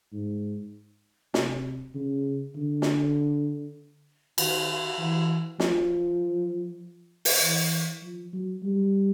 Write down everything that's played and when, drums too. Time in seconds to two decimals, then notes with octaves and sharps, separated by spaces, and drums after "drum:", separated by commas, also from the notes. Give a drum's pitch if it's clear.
0.13 G#2
1.34 C3, drum: snare
1.95 C#3
2.56 D3
2.82 drum: snare
4.38 D#3, drum: cymbal
4.98 E3
5.60 F3, drum: snare
7.25 drum: open hi-hat
7.42 E3
8.02 F3
8.33 F#3
8.63 G3